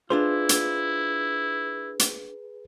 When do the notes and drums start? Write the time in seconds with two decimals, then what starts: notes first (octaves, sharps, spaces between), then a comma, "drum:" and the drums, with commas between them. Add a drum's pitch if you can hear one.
0.10 D4 E4 F4 G#4 B4 C5
0.49 drum: hi-hat
1.99 drum: hi-hat